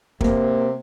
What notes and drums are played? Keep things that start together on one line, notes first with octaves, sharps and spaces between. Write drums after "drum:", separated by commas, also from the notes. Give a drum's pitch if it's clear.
C3 A#3, drum: kick